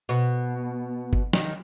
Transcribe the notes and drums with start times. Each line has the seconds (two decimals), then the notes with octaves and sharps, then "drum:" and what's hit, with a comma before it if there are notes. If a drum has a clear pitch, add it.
0.09 B2
1.13 drum: kick G1
1.33 D#3, drum: snare